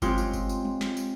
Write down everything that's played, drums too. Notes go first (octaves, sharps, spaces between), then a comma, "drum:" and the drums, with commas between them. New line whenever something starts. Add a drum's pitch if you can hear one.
G#3 C4 C#4 F4 G4, drum: kick G1, tambourine
drum: tambourine
drum: kick G1, tambourine
drum: tambourine
drum: tom G3
drum: snare
drum: tambourine